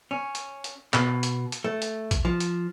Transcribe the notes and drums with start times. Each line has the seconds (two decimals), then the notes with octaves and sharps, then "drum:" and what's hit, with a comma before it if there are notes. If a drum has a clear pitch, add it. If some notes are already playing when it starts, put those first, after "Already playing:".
0.11 C#4
0.35 drum: hi-hat
0.64 drum: hi-hat
0.94 B2, drum: clap
1.23 drum: hi-hat
1.52 drum: hi-hat
1.64 A3
1.82 drum: hi-hat
2.11 drum: kick A#1, hi-hat
2.25 F3
2.40 drum: hi-hat